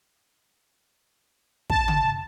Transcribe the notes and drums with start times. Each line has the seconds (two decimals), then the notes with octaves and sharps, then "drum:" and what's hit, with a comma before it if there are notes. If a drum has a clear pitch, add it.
1.70 A5, drum: kick
1.88 drum: tom C#3